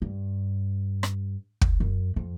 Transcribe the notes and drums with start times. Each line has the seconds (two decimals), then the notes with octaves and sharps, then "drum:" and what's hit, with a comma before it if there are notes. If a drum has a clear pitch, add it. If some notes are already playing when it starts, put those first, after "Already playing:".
0.02 G2
1.03 drum: rim click
1.61 drum: kick
1.80 F#2
2.16 F2